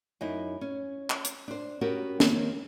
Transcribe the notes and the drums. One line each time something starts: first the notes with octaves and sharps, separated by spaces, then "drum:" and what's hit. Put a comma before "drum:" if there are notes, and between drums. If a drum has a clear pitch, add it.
F#2 D#4 E4
C#4
drum: clap
drum: hi-hat
D4 C5
B3 C#4 F#4 G4 A#4
D#3 A#3 C4 C#4, drum: snare